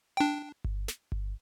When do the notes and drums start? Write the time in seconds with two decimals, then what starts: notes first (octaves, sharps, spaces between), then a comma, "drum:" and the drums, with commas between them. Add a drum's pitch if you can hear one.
0.17 D4 G5
0.65 drum: kick G1
0.88 drum: snare
1.12 drum: kick G1